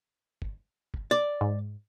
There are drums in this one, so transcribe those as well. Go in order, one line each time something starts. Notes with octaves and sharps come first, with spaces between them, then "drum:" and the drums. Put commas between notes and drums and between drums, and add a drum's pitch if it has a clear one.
drum: kick
drum: kick
D5
G#2